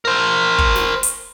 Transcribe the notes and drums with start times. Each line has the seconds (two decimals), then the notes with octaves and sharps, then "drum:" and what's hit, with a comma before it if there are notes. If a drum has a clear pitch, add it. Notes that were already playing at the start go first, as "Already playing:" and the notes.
0.05 A#4 C5
0.58 drum: kick
0.76 drum: snare
1.03 drum: hi-hat